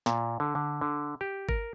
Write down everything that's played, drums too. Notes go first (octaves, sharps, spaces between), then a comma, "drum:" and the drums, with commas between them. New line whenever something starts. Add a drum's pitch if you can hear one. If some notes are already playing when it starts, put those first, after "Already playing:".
A#2, drum: snare
D3
D3
D3
G4
A#4, drum: kick G#1